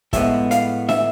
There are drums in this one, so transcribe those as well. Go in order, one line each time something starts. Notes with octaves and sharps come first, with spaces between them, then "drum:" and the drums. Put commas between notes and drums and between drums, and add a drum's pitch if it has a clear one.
A2 F3 G#3 B3 E5, drum: kick, hi-hat
F5, drum: hi-hat
E5, drum: snare D4